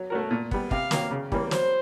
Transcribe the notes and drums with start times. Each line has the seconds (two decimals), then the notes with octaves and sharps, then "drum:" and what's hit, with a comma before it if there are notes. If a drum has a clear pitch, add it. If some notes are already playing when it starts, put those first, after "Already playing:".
Already playing: F#3
0.10 A3 C#4 F#4 A#4
0.31 A#2
0.51 G3 B3, drum: kick
0.71 C3 F5, drum: kick
0.91 D#3 F#3 A#3, drum: snare
1.11 C#3
1.32 E3 G3 A#3 C#4, drum: kick
1.51 F#3 C5, drum: snare